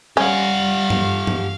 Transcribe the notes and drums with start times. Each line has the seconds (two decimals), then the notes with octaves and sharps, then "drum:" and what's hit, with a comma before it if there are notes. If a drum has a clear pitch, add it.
0.17 G3 C#4 G4 F5 F#5
0.90 drum: tom G2
1.27 drum: tom G2